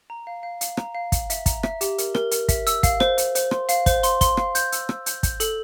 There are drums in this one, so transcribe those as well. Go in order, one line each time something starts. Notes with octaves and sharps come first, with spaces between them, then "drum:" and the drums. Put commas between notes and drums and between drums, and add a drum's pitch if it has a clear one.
A#5
F5
F5
F5, drum: hi-hat
A#5, drum: rim click
F5
F5, drum: kick, hi-hat
E5, drum: hi-hat
A#5, drum: kick, hi-hat
E5, drum: rim click
G4, drum: hi-hat
A#4, drum: hi-hat
A#4, drum: rim click
A#4, drum: hi-hat
E5, drum: kick, hi-hat
E6, drum: hi-hat
F5, drum: kick, hi-hat
C5, drum: rim click
C5, drum: hi-hat
C5, drum: hi-hat
C6, drum: rim click
F5, drum: hi-hat
C5, drum: kick, hi-hat
C6, drum: hi-hat
C6, drum: kick, hi-hat
F5, drum: rim click
G6, drum: hi-hat
E6, drum: hi-hat
E6, drum: rim click
G6, drum: hi-hat
G6, drum: kick, hi-hat
A4, drum: hi-hat